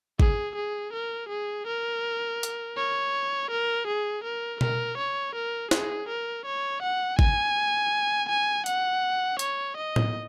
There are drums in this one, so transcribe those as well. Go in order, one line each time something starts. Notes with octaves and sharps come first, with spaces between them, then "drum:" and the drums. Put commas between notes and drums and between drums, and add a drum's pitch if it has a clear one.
G#4, drum: kick G#1
G#4
A#4
G#4
A#4
drum: hi-hat
C#5
A#4
G#4
A#4
A#4, drum: tom B2
C#5
A#4
G#4, drum: snare
A#4
C#5
F#5
G#5, drum: kick G#1
G#5
F#5, drum: hi-hat
C#5, drum: hi-hat
D#5
drum: tom A2